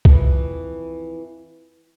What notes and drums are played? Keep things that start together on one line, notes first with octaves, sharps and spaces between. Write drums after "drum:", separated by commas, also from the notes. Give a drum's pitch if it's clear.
F2 E3, drum: kick C2